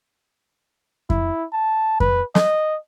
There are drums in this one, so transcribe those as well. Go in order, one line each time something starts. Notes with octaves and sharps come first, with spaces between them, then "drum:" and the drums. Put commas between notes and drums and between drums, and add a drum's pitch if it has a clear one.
E4, drum: kick F2
A5
B4, drum: kick F2
D#5, drum: snare